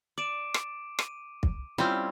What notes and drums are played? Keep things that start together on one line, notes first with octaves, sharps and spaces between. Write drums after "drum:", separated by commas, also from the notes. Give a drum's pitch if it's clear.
D5 D6 D7 E7
drum: rim click
D#7, drum: rim click
drum: kick
G3 C4 C#4 E4 F4